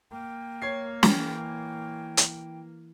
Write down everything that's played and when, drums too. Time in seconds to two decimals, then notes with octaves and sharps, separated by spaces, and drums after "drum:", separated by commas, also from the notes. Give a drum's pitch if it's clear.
0.12 A#3 G5
0.62 C#5 G#6 C7
1.03 E3 G5, drum: snare
2.17 drum: hi-hat